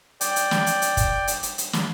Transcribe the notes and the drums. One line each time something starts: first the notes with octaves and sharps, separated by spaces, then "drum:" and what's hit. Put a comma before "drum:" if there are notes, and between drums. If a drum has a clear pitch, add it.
D5 G5, drum: hi-hat
drum: hi-hat
drum: snare
drum: hi-hat
drum: hi-hat
drum: kick, hi-hat
drum: hi-hat
drum: hi-hat
drum: hi-hat
drum: snare